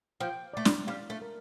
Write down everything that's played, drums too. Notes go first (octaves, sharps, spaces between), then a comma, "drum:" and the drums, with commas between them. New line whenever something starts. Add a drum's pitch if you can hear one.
F3 G5
A3 D5
G3, drum: snare
G3 F5
A3
A#4